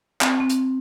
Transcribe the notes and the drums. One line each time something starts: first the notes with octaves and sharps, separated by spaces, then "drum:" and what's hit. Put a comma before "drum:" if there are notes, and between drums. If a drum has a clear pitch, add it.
C4, drum: clap
C4
drum: hi-hat